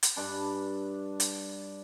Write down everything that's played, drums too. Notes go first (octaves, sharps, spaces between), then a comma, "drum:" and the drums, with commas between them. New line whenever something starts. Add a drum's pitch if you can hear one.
drum: hi-hat
G2 D4 A5 B5
drum: hi-hat